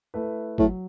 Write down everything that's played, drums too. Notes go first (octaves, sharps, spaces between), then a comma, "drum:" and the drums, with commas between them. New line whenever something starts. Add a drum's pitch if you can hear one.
A3 E4 B4
A2 F#3, drum: kick